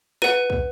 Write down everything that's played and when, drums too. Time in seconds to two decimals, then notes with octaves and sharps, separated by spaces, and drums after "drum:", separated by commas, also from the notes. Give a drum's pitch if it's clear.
0.22 B4 F#5 D#7, drum: snare
0.50 drum: kick